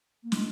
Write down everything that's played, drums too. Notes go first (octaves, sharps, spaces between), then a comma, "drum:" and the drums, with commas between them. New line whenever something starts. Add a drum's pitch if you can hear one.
A#3
G#3, drum: snare